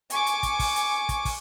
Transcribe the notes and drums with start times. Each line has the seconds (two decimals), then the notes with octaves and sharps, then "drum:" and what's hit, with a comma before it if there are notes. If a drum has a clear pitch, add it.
0.10 G#5 C#6 D6, drum: hi-hat
0.27 drum: hi-hat
0.43 drum: kick, hi-hat
0.59 drum: kick, open hi-hat
0.76 drum: hi-hat
1.09 drum: kick, hi-hat
1.25 drum: kick, open hi-hat